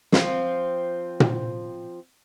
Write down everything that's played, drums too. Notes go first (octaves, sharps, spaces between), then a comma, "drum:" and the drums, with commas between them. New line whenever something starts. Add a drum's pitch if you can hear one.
F3 C4, drum: snare
drum: tom A#2